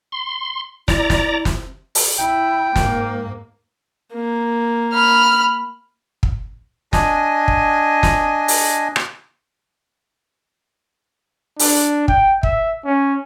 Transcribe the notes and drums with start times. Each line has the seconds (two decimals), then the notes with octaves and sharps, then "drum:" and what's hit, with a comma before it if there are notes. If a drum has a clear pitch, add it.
0.12 C6
0.88 E4 D5 A#5, drum: snare
1.10 drum: snare
1.45 drum: snare
1.95 drum: open hi-hat
2.18 E4 G5
2.76 G#2 A#3, drum: snare
4.14 A#3
4.93 B5 F6
6.23 drum: kick
6.93 D4 D#5 G#5, drum: snare
7.48 drum: kick
8.03 drum: snare
8.48 drum: open hi-hat
8.96 drum: rim click
11.59 D4, drum: open hi-hat
12.08 G5, drum: kick
12.43 E5, drum: kick
12.85 C#4